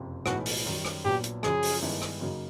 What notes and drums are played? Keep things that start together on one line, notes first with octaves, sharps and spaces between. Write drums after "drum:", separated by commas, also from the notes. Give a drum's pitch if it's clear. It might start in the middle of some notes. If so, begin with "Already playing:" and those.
Already playing: F#1 F2 C3
B1 A2 E3 G#3 B3 F#4, drum: rim click
drum: open hi-hat
F#2 D#3 G3
drum: rim click
A#1 A#2 F#3 B3 G4
drum: hi-hat
F#2 C#3 F3 G#4, drum: rim click
drum: open hi-hat
G2 D#3 G#3 B3 E4
drum: rim click
F#2 C#3 F#3 A#3 D#4